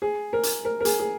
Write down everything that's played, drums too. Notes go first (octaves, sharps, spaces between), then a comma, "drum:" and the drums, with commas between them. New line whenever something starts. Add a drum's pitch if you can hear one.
G#4
A#4
drum: hi-hat
A#4
A#4
G#4, drum: hi-hat
G#4